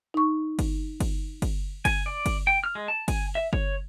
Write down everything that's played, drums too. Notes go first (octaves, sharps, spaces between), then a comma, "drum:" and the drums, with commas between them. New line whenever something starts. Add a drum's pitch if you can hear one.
D#4 C#6
drum: kick G1, cymbal
drum: kick G1, cymbal
drum: kick G1, cymbal
G#5, drum: kick G1, cymbal
D5
drum: kick G1, cymbal
G5
F6
G#3
A5
G#5, drum: kick G1, cymbal
E5
C#5, drum: kick G1